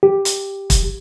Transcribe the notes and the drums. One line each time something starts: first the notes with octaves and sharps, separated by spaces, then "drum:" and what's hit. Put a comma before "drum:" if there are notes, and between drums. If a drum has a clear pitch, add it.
G4
drum: hi-hat
drum: kick, hi-hat